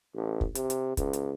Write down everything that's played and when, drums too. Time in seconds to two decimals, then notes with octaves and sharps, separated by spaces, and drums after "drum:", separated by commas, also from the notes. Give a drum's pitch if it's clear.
0.15 A1
0.41 drum: kick
0.55 C3, drum: hi-hat
0.70 drum: hi-hat
0.97 C#2, drum: kick, hi-hat
1.13 drum: hi-hat